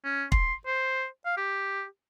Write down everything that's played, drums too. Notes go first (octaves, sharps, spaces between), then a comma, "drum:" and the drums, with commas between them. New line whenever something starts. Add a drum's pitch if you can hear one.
C#4
C6, drum: kick
C5
F5
G4